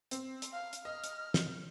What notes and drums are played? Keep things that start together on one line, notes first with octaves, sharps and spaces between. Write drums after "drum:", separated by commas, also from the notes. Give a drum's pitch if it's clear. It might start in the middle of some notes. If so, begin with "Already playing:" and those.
C4, drum: hi-hat
drum: hi-hat
F5
drum: hi-hat
D#5 F6
drum: hi-hat
drum: snare